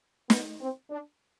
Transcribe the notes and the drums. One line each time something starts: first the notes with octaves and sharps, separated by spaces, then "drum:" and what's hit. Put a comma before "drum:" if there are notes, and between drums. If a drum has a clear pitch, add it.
B3, drum: snare
C4
D4